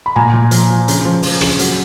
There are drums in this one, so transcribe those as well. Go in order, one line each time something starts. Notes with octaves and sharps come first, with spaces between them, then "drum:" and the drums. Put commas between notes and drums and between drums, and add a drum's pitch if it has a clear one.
B5
A#2 G#5 A#5
A#2
F3, drum: hi-hat
F3
C#3, drum: hi-hat
F3
F3, drum: open hi-hat
C#3, drum: rim click
F#3, drum: hi-hat